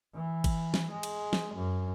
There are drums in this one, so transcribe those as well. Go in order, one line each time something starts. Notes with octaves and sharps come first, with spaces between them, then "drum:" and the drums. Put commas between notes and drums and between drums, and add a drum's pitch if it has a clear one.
E3
drum: kick G1, cymbal
drum: snare
G#3
drum: cymbal
drum: snare
F#2